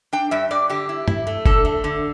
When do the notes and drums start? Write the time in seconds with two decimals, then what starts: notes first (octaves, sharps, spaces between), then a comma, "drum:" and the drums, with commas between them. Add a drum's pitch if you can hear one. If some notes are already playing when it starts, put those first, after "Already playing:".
0.13 D4 G5
0.31 G2 E5
0.51 G2 D5
0.70 D3 G4
0.89 E4
1.08 E4, drum: tom G2
1.27 A3
1.46 D3 A4, drum: kick F#1
1.65 A3
1.84 D3